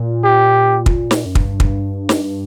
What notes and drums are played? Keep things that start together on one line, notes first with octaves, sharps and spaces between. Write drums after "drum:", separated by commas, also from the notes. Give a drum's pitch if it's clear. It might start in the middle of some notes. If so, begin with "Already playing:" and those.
Already playing: A#2
G4
drum: kick
drum: snare
F#2
G2, drum: kick
drum: kick
drum: snare